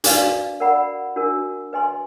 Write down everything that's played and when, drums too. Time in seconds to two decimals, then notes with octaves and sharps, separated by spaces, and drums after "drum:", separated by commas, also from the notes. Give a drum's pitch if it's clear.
0.04 D4 F#4 B4 D5 F5, drum: hi-hat
0.60 A#4 D5 F#5 B5
1.16 D4 F#4 A#4
1.73 B4 D#5 G#5 C6